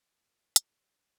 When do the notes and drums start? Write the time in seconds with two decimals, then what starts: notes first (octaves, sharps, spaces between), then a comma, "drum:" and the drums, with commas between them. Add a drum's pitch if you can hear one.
0.11 A#2
0.56 drum: hi-hat
0.75 G2